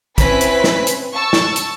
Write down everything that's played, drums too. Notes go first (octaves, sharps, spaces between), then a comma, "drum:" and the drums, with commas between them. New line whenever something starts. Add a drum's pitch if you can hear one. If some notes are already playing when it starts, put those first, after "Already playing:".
C4 C#4 E4 B4 B6, drum: kick, hi-hat
drum: hi-hat
drum: snare
drum: hi-hat
A5 C#6 E6
drum: snare
drum: hi-hat